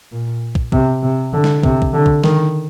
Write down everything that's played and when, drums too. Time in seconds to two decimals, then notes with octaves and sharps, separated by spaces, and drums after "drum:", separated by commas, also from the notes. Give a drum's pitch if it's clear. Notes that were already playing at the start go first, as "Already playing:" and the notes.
0.12 A#2
0.55 drum: kick
0.72 C3, drum: kick
1.03 C3
1.33 D3
1.44 drum: snare
1.63 C3, drum: kick
1.82 drum: kick
1.93 D3
2.06 drum: kick
2.24 D#3, drum: snare